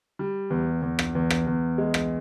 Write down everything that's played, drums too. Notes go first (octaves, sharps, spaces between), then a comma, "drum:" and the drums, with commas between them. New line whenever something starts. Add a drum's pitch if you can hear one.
G3
E2
E2
drum: rim click
E2
drum: rim click
E2
G#3
drum: rim click